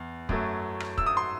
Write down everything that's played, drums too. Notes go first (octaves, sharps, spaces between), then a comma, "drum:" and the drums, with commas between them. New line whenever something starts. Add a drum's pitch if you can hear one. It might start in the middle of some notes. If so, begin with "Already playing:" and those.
Already playing: E2
F#2 F#3 A3, drum: kick
drum: rim click
E6, drum: kick
D#6
C6